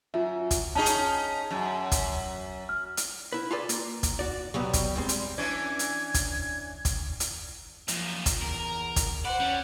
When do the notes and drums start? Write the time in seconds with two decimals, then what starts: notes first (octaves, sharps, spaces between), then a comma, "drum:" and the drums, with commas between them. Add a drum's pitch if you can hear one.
0.14 F#2 F4 E5
0.51 drum: kick, hi-hat
0.75 C#4 D#4 G#4 A5
0.86 drum: hi-hat
1.51 F#2
1.92 drum: kick, hi-hat
2.69 F6
2.97 drum: hi-hat
3.32 E4 B4
3.51 F4 G#4 A4 B4 D5
3.69 A#3, drum: hi-hat
4.03 drum: kick, hi-hat
4.19 F#4 D5
4.54 B2 F#3 G3 B3
4.73 drum: kick, hi-hat
4.96 G3 G#3 C4
5.09 drum: hi-hat
5.38 E3 C#4 D4 G#6
5.79 drum: hi-hat
6.14 drum: kick, hi-hat
6.85 drum: kick, hi-hat
7.20 drum: hi-hat
7.88 F#2 A#2 F3, drum: hi-hat
8.26 drum: kick, hi-hat
8.42 E2 A#4
8.96 drum: kick, hi-hat
9.25 B4 C5 D5 F#5
9.40 G3 C#4